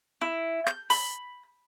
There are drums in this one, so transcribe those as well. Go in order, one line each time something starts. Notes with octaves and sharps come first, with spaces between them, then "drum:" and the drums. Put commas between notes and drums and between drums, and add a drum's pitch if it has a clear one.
E4
G6, drum: snare
B5, drum: open hi-hat